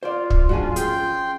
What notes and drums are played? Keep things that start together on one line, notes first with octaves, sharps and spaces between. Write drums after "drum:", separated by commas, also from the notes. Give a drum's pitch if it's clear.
F4 C5 D5
drum: kick
G#2 F3 D4 F#4 G#5
C#4 G#4 G5 C6, drum: hi-hat